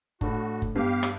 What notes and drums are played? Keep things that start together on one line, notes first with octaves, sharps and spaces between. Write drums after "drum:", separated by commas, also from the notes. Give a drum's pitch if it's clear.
A2 D4 F#4, drum: kick F#1
drum: kick F#1
G2 B3 G4 B4 F5
drum: rim click